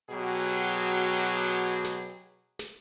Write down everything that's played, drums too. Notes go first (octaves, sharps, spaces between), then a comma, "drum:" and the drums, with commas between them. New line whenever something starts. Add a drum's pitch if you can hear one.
B2 F#3 G4 G#4, drum: hi-hat
drum: hi-hat
drum: hi-hat
drum: hi-hat
drum: hi-hat
drum: hi-hat
drum: hi-hat
drum: snare
drum: hi-hat
drum: snare